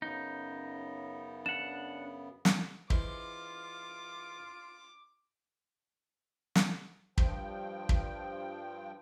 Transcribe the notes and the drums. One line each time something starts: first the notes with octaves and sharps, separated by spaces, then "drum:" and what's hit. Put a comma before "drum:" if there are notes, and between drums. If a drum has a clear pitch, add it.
F#2 C#3 B3 D#4
D4 F#5 E7
drum: snare
E3 G#3 F4 C5 D6, drum: kick
drum: snare
G2 F3 G5, drum: kick
drum: kick